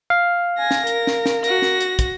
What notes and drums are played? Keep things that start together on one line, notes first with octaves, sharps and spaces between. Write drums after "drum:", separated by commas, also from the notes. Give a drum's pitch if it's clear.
F5
G#5 A#6
drum: snare
A#4, drum: hi-hat
drum: snare
drum: snare
F#4 A#6, drum: hi-hat
drum: snare
drum: hi-hat
drum: kick, hi-hat